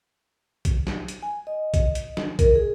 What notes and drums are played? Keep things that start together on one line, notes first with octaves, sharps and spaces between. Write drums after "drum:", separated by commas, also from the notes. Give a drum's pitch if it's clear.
drum: kick A#1, hi-hat
drum: snare
drum: hi-hat
G#5
D#5
drum: kick A#1, hi-hat
drum: hi-hat
drum: snare
A#4, drum: kick A#1, hi-hat
G#4